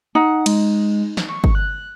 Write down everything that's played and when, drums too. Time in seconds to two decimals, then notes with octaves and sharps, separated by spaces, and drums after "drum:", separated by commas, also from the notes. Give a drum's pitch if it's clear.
0.15 D#4 F#5
0.46 G#3, drum: cymbal
1.17 drum: snare
1.29 C#6
1.44 drum: kick
1.55 F#6